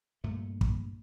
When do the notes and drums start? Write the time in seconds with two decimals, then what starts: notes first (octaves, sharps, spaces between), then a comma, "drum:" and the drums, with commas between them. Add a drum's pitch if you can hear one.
0.24 G2 A#2 A3
0.61 drum: kick